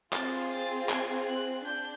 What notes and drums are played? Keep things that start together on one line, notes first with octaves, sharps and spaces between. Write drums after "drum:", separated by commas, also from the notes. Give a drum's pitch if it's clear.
C4 F4 G#4 A6, drum: clap
A6
G#6, drum: clap
F#6
D4 G6